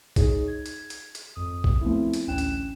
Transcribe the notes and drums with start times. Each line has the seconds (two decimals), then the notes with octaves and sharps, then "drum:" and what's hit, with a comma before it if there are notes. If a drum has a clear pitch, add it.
0.16 D#4 G#4 C#5, drum: kick, hi-hat
0.48 G#6
0.66 drum: hi-hat
0.90 drum: hi-hat
1.15 drum: hi-hat
1.35 G#1 F2 D#6
1.64 drum: kick
1.81 F3 A3 B3 C4 E4
2.13 drum: hi-hat
2.27 A1 D2 C#4 G5 F#6 E7
2.38 drum: hi-hat